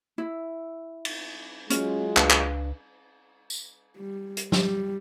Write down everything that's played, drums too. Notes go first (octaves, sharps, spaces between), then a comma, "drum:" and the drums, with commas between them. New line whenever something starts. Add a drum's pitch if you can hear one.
E4
drum: cymbal
F#3 G#3 C#4 F4, drum: hi-hat
C#2 D4 B4 F5, drum: clap
drum: clap
drum: tambourine
G3
drum: hi-hat
G3, drum: snare